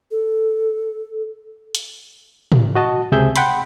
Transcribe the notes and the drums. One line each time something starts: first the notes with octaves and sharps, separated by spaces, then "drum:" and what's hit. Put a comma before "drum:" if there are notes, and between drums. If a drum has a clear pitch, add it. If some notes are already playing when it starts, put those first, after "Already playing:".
A4
drum: hi-hat
drum: tom
F#4 D#5 A5
C#2 C3 G#4 E5 G6
F#5 G5 B5 C6, drum: hi-hat